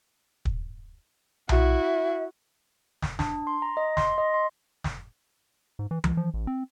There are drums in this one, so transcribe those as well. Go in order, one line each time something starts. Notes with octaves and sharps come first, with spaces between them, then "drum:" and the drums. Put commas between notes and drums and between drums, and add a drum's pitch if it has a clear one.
drum: kick
E4 F#4 E5, drum: tom B1
drum: snare
D4, drum: snare
C6
A#5
D#5
C6, drum: snare
D#5
C6
drum: snare
G#2
E3
C#2, drum: tom E3
F3
A1
C4